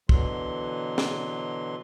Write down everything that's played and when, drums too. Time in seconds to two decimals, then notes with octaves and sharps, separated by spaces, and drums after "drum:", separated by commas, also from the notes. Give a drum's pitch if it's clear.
0.09 B2 D3 E3 F#3 C6, drum: kick
0.98 drum: snare